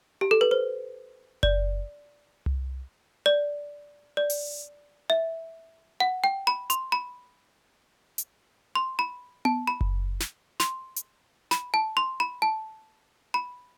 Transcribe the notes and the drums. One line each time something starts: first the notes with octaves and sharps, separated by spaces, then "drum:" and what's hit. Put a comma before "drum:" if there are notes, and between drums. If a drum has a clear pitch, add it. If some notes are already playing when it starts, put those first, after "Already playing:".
G4
A4
B4
C5
D5, drum: kick F#1
drum: tom C2
D5
D5
drum: open hi-hat
E5
F#5
G5
B5
C6, drum: hi-hat
B5
drum: hi-hat
C6
B5
A5, drum: tom B3
B5
drum: kick F#1
drum: snare
C6, drum: snare
drum: hi-hat
B5, drum: snare
A5
C6
B5
A5
B5